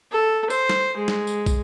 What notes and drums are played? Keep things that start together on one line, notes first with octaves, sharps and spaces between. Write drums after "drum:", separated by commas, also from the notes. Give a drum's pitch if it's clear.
A4
C5, drum: tambourine
drum: snare
G#3
drum: snare
drum: tambourine
drum: kick, tambourine